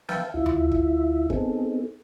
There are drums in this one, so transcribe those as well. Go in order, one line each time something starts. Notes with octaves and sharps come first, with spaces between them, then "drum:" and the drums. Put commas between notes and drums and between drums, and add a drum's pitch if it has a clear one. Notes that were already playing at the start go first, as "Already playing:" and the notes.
B4 E5 F5 G5 A5, drum: snare
D2 E4 F4 E5
drum: tom D#2
drum: kick
B3 C4 D#4 G#4 A4, drum: kick